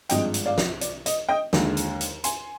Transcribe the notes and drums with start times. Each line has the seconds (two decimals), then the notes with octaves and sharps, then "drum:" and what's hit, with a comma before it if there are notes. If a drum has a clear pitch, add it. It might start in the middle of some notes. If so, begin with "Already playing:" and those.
0.09 G#1 G2 F3 G#3 D#5 G5, drum: hi-hat
0.34 drum: hi-hat
0.46 D5 F5
0.58 drum: snare
0.81 D5, drum: hi-hat
1.06 D#5, drum: hi-hat
1.29 D#5 G5
1.53 D#2 D3 G#3, drum: snare
1.77 drum: hi-hat
2.01 drum: hi-hat
2.24 G#5 C6, drum: hi-hat